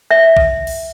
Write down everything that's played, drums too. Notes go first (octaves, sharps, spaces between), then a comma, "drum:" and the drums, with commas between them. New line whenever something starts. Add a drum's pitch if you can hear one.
E5
drum: kick B1
drum: cymbal